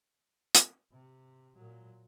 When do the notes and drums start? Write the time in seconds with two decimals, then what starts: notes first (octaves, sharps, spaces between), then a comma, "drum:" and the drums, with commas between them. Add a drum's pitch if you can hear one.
0.55 drum: hi-hat
0.92 C3
1.55 A#2 F#3